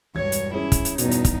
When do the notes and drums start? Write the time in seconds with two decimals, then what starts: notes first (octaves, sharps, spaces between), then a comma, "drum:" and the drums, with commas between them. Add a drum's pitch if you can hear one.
0.15 E1 G2 C#5 G#6
0.32 drum: hi-hat
0.54 C#4 E4 G#4 C#5
0.72 drum: kick, hi-hat
0.85 drum: hi-hat
0.98 E2 G2 B2 D#4, drum: hi-hat
1.11 drum: hi-hat
1.25 drum: kick, hi-hat